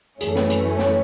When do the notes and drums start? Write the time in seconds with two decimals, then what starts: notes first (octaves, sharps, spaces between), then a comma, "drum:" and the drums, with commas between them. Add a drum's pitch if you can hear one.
0.21 F#2 E3 A3 C#4 G#4, drum: hi-hat
0.28 A4
0.36 B4, drum: snare
0.50 drum: hi-hat
0.79 C#5, drum: snare